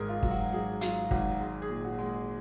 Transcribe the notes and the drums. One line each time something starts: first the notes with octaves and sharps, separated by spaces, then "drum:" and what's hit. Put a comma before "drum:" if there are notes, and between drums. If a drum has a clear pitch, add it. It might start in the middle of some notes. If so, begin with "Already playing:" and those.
Already playing: G#1 G#2 G#4 A#4
F4
F#3, drum: kick
F#4
F#3 G#4
F#3 F4, drum: hi-hat
G#1 F#4, drum: kick
G#3 G#4
G#4
A#2
F#4
G#3